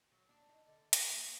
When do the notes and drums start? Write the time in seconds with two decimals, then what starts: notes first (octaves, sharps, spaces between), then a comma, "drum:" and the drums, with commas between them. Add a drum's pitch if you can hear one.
0.12 F#3
0.29 D4
0.48 D#4
0.67 D3
0.93 D#3, drum: hi-hat
1.10 A#3
1.26 C4